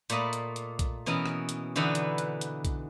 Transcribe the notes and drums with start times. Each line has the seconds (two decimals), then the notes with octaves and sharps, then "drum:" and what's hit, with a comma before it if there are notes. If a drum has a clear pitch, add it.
0.10 A#2 A3 A#3 D#5 B5, drum: hi-hat
0.33 drum: hi-hat
0.56 drum: hi-hat
0.79 drum: kick B1, hi-hat
1.06 B2 E3 C#4 A#4 D#5
1.26 drum: rim click
1.49 drum: hi-hat
1.76 D3 E3 B3 D#4 B4
1.95 drum: hi-hat
2.18 drum: hi-hat
2.41 drum: hi-hat
2.65 drum: kick B1, hi-hat